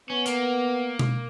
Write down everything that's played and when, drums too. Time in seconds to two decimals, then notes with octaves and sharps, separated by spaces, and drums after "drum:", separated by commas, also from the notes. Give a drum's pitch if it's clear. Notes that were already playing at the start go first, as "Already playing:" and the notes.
0.10 B3 C#4
0.26 A#3, drum: hi-hat
0.99 drum: tom B2